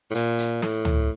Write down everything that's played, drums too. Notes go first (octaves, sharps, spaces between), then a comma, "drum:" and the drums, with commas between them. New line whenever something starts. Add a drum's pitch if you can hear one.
A2
A#2, drum: hi-hat
drum: hi-hat
A2, drum: snare
drum: tom